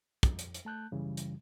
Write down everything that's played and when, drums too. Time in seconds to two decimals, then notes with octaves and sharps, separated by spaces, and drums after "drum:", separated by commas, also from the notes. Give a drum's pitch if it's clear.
0.23 F2, drum: kick, hi-hat
0.39 drum: hi-hat
0.54 drum: hi-hat
0.65 A3 A5 F#6 G6
0.92 F#2 C#3 E3 G3
1.17 drum: hi-hat